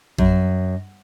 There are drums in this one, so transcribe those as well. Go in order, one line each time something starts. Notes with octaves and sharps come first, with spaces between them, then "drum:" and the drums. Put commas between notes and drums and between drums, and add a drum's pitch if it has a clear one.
F#2, drum: kick A1